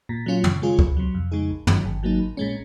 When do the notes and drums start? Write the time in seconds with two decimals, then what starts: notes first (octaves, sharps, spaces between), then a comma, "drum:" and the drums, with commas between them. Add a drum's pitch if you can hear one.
0.09 A#2
0.26 F#3 C#4 F4
0.44 C#3, drum: tom
0.62 G#3 C#4 F4 G#4
0.79 C2, drum: kick D2
0.97 C3 F#3
1.14 F2
1.32 C#3 G#3 D#4 G#4
1.50 A#1
1.67 A#2 F#3 C#4, drum: tom
1.85 G#1
2.03 G#2 F#3 A#3 D#4
2.19 A#1
2.37 A#2 G#3 C#4